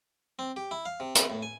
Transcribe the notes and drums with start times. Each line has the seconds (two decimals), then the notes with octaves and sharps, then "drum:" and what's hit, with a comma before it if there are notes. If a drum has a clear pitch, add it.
0.39 C4
0.56 G4
0.71 E4
0.85 F5
1.00 C3
1.15 B4, drum: hi-hat
1.30 A2
1.42 G#5